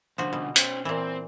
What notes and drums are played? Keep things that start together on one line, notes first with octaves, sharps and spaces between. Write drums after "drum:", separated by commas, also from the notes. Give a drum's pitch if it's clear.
C2 D3 F3 F#4
B2
C#4 C5, drum: hi-hat
A#2 E3 C4